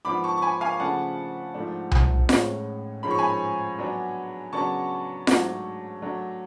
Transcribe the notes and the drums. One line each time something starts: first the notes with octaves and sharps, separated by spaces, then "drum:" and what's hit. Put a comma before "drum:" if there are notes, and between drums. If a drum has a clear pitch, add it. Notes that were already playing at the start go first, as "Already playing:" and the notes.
G#2 F3 B3 D4 B5 D6
A5 C#6
C#6
G#5 B5
F5 G#5
C#3 F3 A3 D4 F#5 A5
G#2 F3 A3 D4
drum: tom C2
A2 G#3 C#4, drum: snare F4
G#2 F3 G#3 C#4 B5
C#6
G#5 B5
D3 F#3 B3 D4
C#3 F#3 B3 D4 A5 C#6
G#2 F#3 A3 D4, drum: snare F4
D3 F#3 A3 D4